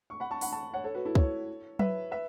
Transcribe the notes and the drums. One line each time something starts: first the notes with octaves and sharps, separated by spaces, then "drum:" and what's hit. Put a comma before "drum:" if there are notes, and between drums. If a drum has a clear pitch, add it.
C#6
F#5 B5
A5 C#6
F#5 B5, drum: open hi-hat
A5 C#6
C#5 F#5
A4 C#5
F#4 B4
E4 A4
A4 C#5, drum: kick
B4 E5, drum: tom F#3
B4 E5